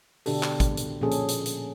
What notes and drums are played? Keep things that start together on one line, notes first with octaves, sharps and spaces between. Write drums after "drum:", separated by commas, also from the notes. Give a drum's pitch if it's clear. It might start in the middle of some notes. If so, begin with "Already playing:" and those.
B2 D3 D4 G4 A4, drum: open hi-hat
drum: clap
drum: kick, hi-hat
drum: hi-hat
A#2 F3 C#4 G#4 A4
drum: hi-hat
drum: hi-hat
drum: hi-hat